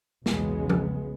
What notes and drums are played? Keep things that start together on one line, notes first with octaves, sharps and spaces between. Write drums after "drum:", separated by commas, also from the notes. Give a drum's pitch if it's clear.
B1 E2 C#3 G#3 B3, drum: snare
drum: tom F3